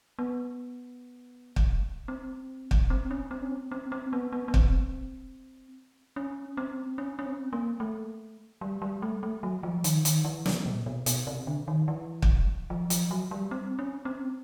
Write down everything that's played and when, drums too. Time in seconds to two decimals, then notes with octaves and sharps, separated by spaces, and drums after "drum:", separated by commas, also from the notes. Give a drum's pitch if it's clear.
0.19 B3
1.56 drum: kick
2.08 C4
2.71 drum: kick
2.90 C4
3.11 C#4
3.31 C4
3.42 C#4
3.51 C4
3.72 C4
3.92 C4
4.13 B3
4.33 B3
4.48 B3
4.54 C4, drum: kick
6.16 C#4
6.57 C4
6.98 C#4
7.19 C#4
7.26 C4
7.53 A#3
7.80 A3
8.61 G3
8.82 G3
9.02 A3
9.23 A3
9.43 F#3
9.63 F3
9.84 D#3, drum: hi-hat
10.05 D#3, drum: hi-hat
10.25 E3
10.46 C3, drum: snare
10.66 A#2
10.86 B2
11.06 B2, drum: hi-hat
11.27 C3
11.47 D3
11.68 D#3
11.88 E3
12.22 drum: kick
12.70 F3
12.90 F3, drum: hi-hat
13.11 F#3
13.31 G3
13.51 C4
13.79 C#4
14.05 C4